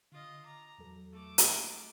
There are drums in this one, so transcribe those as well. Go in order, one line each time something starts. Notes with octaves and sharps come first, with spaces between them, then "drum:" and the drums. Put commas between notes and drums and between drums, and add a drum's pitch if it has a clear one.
D3 F4 D#5
A#5 D6
E2 F#3 A4
A3 D6
drum: hi-hat